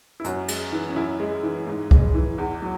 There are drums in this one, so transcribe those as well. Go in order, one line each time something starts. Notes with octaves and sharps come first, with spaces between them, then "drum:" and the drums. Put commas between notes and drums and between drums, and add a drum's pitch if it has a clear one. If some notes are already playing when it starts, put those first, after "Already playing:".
E4
F#2 F#4, drum: hi-hat
G#3, drum: cymbal
E3
C#4
F#2 E4
G#3
E3
G#2
G#3, drum: kick C2
E3
E2
F#3